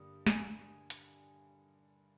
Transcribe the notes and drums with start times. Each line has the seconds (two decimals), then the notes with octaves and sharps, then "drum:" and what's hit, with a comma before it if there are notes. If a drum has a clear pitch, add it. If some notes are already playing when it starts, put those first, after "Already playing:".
Already playing: G2 D3 G3 A#3 D#6
0.27 G#5, drum: snare
0.90 drum: hi-hat